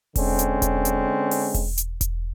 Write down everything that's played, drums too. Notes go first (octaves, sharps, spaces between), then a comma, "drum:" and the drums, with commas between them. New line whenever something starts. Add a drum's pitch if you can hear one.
D3 G#3 C4 C#4, drum: kick E1, open hi-hat
drum: hi-hat
drum: kick E1, hi-hat
drum: hi-hat
drum: open hi-hat
drum: kick E1, open hi-hat
drum: hi-hat
drum: kick E1, hi-hat